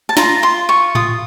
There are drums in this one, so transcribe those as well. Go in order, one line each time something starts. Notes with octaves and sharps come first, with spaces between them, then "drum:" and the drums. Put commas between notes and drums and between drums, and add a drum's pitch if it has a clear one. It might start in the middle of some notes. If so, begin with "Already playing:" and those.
A5
F4 A#5, drum: snare
F4 C6
F4 C#6
F4 D#6, drum: tom A2